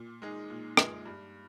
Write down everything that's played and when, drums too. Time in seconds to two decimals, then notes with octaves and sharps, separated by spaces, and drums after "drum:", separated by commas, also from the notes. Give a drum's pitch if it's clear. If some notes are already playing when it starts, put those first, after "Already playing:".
Already playing: A#2
0.22 G#3 D#4 G#4
0.50 A#2
0.77 G#3 D#4 G#4, drum: rim click
1.05 G2